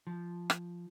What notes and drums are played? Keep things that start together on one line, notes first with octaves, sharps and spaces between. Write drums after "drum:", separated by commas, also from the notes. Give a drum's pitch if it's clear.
F3
drum: rim click